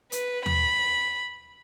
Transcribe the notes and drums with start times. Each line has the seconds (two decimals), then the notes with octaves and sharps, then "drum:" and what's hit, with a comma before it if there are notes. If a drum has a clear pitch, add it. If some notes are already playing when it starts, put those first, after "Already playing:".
0.12 B4, drum: hi-hat
0.46 B5, drum: tom D#2